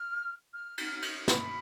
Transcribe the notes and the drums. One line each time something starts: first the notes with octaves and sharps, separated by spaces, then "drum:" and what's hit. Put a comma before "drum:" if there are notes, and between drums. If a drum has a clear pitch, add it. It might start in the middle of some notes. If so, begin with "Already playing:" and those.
Already playing: F6
F6
drum: cymbal
drum: cymbal
B5, drum: snare